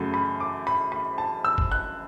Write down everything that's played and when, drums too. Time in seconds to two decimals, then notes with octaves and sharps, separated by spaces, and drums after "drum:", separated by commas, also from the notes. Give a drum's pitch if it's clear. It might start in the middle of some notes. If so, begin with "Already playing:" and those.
Already playing: F#2 C#3 F#3 A3 B5
0.14 B5
0.40 D6
0.67 B5
0.92 B5
1.18 A5
1.45 E6
1.58 drum: kick
1.72 F#6